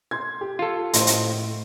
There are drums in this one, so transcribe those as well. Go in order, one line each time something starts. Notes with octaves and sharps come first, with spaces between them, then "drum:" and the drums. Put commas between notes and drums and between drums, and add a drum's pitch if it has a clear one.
C6 G#6
G4
F4 A4
A2 C5 D#5 C6, drum: hi-hat
drum: hi-hat